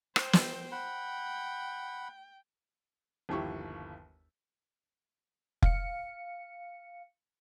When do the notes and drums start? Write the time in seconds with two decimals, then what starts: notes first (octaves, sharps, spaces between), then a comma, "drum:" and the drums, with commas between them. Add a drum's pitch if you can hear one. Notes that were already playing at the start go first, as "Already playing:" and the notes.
0.16 C5 G5, drum: rim click
0.33 drum: snare
0.72 F#5 G5 B5
3.29 G1 D#2 F3 E4 G4 C#6
5.62 F5 C#7, drum: kick F1